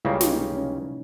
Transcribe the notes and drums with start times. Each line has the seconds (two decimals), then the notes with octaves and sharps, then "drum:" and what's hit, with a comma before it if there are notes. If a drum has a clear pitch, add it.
0.05 C#2 C#3 G3 A#3 E4
0.21 drum: snare
0.31 D#4
0.57 C#4